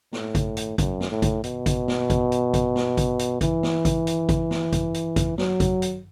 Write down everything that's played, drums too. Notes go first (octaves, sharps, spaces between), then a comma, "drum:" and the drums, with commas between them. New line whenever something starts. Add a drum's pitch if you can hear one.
A2, drum: snare
drum: kick, hi-hat
drum: hi-hat
F#2, drum: kick, hi-hat
drum: snare
A2
drum: kick, hi-hat
B2, drum: hi-hat
drum: kick, hi-hat
drum: snare
drum: kick, hi-hat
drum: hi-hat
drum: kick, hi-hat
drum: snare
drum: kick, hi-hat
drum: hi-hat
E3, drum: kick, hi-hat
drum: snare
drum: kick, hi-hat
drum: hi-hat
drum: kick, hi-hat
drum: snare
drum: kick, hi-hat
drum: hi-hat
drum: kick, hi-hat
F#3, drum: snare
drum: kick, hi-hat
drum: hi-hat